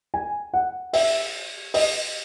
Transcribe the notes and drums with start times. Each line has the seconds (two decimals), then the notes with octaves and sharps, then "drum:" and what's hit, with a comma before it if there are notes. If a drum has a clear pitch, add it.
0.14 G#5
0.54 F#5
0.93 E5, drum: open hi-hat
1.74 D#5, drum: open hi-hat